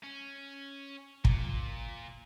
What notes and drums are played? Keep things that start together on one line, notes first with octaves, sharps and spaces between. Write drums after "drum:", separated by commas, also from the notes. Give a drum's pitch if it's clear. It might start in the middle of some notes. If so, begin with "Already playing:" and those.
C#4
A#2, drum: kick